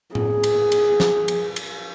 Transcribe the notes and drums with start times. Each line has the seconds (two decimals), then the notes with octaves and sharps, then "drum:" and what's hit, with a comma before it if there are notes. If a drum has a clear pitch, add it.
0.15 G#4, drum: tom A2
0.43 drum: cymbal
0.72 drum: cymbal
1.00 drum: snare
1.28 drum: cymbal
1.56 drum: cymbal